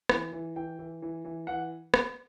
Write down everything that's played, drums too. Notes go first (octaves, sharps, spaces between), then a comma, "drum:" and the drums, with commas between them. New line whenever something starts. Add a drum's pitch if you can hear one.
E3, drum: rim click
E3
E3 G5
E3
E3
E3
E3 F#5
drum: rim click